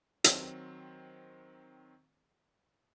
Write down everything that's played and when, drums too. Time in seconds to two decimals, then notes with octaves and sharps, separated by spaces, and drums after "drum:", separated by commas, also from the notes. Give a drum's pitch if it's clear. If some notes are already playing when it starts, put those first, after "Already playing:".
0.24 D#3 F#3 C4, drum: hi-hat